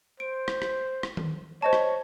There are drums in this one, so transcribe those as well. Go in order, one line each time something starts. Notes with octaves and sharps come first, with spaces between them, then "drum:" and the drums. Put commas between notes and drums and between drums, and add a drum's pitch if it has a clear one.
C5 D7
drum: rim click
drum: rim click
drum: rim click
drum: tom D#3
C5 C#5 D#5 A5
drum: rim click